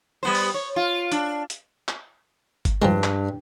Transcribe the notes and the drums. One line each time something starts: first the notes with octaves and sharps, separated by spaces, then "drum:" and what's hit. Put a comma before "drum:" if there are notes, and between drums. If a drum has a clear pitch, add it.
G3 B3 C5
drum: open hi-hat
C#5
F4
D4, drum: hi-hat
drum: hi-hat
drum: clap
drum: kick G1, hi-hat
G2 F3 G3 G#3
drum: clap